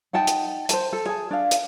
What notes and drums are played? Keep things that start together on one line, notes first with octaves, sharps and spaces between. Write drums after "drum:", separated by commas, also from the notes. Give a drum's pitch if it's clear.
D#4 F#5 G5 A5
drum: hi-hat
C5 A5, drum: hi-hat
A4
G#4 A5
D4 F5
drum: hi-hat